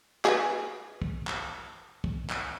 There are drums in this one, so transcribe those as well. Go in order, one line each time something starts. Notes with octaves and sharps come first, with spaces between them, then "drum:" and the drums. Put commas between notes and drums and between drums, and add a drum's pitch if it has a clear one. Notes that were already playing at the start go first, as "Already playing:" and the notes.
G#4 B4, drum: clap
drum: kick
drum: clap
drum: kick
drum: clap